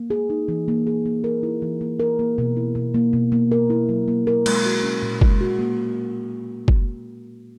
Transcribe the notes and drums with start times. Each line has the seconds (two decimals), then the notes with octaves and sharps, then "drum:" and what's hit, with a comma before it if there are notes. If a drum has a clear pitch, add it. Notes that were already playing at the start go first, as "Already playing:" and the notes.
Already playing: A#3
0.10 G#4
0.30 D#4
0.48 E3
0.68 A#3
0.87 G#4
1.06 A#3
1.24 A#4
1.43 E4
1.62 E3
1.81 A#3
2.00 A#4
2.19 A#3
2.38 B2
2.57 E4
2.75 B2
2.94 A#3
3.13 B2
3.32 A#3
3.52 A#4
3.70 E4
3.89 F#3
4.08 A#3
4.27 A#4
4.46 G#3, drum: cymbal
4.65 F#4
4.84 C#4
5.03 A#2
5.21 G#3, drum: kick F#1
5.41 F#4
5.59 A#3
6.68 drum: kick F#1